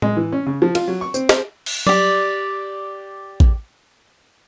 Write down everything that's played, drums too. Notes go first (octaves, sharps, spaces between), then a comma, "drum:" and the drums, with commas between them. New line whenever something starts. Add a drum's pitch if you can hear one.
G#3, drum: tom A2
E3
C#4
C#3
F3
F4, drum: cymbal
F#3
C#6
C4, drum: tambourine
C5, drum: snare
drum: cymbal
G4 D5, drum: tom F#3
drum: kick A1